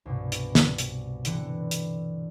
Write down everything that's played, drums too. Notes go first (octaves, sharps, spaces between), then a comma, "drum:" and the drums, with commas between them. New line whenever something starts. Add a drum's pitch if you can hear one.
C2 G2 B2
drum: hi-hat
drum: snare
drum: hi-hat
D3 E3 C4 C#7, drum: hi-hat
drum: hi-hat